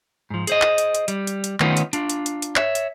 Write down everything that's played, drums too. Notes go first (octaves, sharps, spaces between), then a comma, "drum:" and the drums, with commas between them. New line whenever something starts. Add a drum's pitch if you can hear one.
G#2 F3
G#4 C5 D#5, drum: hi-hat
drum: clap
drum: hi-hat
drum: hi-hat
G3, drum: hi-hat
drum: hi-hat
drum: hi-hat
D#3 A3 B3 C#4 D#4 F4, drum: clap
drum: hi-hat
D4 F4, drum: hi-hat
drum: hi-hat
drum: hi-hat
drum: hi-hat
C#5 E5, drum: clap
drum: hi-hat